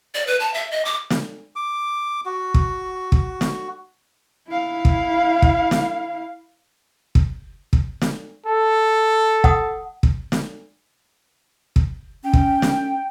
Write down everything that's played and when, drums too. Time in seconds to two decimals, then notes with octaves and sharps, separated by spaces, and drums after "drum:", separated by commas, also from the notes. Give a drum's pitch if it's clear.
0.15 D5
0.27 B4
0.40 A5
0.54 E5
0.71 D#5
0.85 D6
1.10 drum: snare
1.56 D6
2.26 F#4
2.54 drum: kick
3.12 drum: kick
3.41 drum: snare
4.48 E4 F5
4.85 drum: kick
5.42 drum: kick
5.71 drum: snare
7.15 drum: kick
7.73 drum: kick
8.02 drum: snare
8.46 A4
9.44 F#5 D#6, drum: kick
10.03 drum: kick
10.32 drum: snare
11.76 drum: kick
12.24 C#4 G5
12.33 drum: kick
12.62 drum: snare